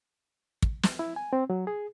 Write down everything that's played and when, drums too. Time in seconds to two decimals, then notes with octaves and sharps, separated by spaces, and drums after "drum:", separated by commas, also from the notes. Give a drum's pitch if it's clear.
0.62 drum: kick
0.83 drum: snare
0.99 E4
1.16 G#5
1.33 C4
1.50 F#3
1.67 G#4